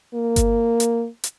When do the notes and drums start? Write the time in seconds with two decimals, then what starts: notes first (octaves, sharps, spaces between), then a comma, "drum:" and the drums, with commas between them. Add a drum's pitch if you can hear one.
0.14 A#3
0.36 drum: kick G1, hi-hat
0.80 drum: hi-hat
1.24 drum: hi-hat